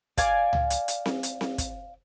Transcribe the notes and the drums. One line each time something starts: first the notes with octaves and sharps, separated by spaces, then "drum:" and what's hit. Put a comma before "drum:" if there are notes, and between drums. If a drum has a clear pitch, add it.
D5 F5 G#5 D6, drum: kick, hi-hat
drum: tom C#2
drum: hi-hat
drum: hi-hat
drum: snare C4
drum: hi-hat
drum: snare C4
drum: kick, hi-hat